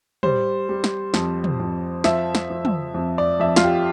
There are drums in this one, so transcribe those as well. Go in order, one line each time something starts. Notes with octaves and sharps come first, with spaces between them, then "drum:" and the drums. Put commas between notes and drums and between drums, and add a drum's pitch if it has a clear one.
G3 C5, drum: tom
G3
drum: snare
F2, drum: snare
drum: tom
F2
F3 E5, drum: snare
drum: snare
F3
drum: tom
F2
D5
F2 E5
F4, drum: snare
G4